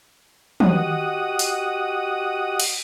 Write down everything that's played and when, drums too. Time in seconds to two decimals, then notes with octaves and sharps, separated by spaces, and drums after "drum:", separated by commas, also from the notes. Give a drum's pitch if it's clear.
0.60 F#4 G4 D#5 F#5 D#6, drum: tom
1.39 drum: hi-hat
2.60 drum: cymbal